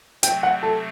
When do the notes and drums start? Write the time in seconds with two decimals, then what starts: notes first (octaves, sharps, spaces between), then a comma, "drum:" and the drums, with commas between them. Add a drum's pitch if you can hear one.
0.23 C3 F#3 A3 C4 G5, drum: hi-hat
0.43 F#5
0.63 A4